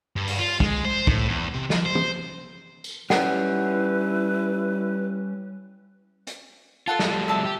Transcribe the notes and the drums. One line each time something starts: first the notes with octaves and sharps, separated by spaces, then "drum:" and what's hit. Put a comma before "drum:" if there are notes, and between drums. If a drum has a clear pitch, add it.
G2
drum: open hi-hat
F4
G#3, drum: kick
C5
A2, drum: kick
E2
C3
F3, drum: snare
C5
drum: tom
drum: tambourine
G3 C#4 E4 B4 F#5, drum: snare
drum: hi-hat
F4 A4 F#5 A5
F3 G3 A3, drum: snare
E5 A5 E6
G4